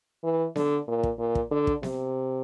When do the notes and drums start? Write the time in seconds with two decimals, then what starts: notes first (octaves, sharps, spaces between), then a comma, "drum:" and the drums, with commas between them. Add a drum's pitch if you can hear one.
0.23 E3
0.56 D3, drum: snare B3
0.88 A#2
1.03 drum: kick
1.19 A#2
1.35 drum: kick
1.51 D3
1.67 drum: kick
1.83 C3, drum: snare B3